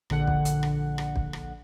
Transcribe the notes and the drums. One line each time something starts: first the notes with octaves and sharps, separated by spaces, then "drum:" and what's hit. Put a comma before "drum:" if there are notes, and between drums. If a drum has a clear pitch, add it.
A#1 D3 F#5, drum: rim click
drum: kick
drum: hi-hat
drum: rim click
drum: rim click
drum: kick
drum: rim click